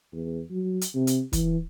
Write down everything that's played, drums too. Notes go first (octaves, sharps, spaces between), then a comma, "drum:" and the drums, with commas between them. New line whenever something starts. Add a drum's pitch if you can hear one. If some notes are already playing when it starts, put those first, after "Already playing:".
E2
F#3
drum: hi-hat
C3
drum: hi-hat
E3, drum: kick, hi-hat